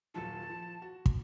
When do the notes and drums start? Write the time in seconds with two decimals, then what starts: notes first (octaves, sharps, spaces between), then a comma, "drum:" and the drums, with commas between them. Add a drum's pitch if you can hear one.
0.14 D#1 F#3 F4 A5
0.49 F3
0.82 F#4
1.06 drum: kick